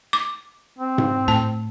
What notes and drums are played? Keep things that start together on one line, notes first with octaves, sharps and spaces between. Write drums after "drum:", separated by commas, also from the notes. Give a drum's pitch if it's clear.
D6
C4
drum: tom G#2
A2 A5